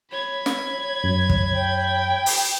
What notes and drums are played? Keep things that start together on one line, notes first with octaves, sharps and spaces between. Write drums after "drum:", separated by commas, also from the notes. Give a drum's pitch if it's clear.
C#5 B5 G#6
drum: snare
F#2
drum: kick
G5
drum: open hi-hat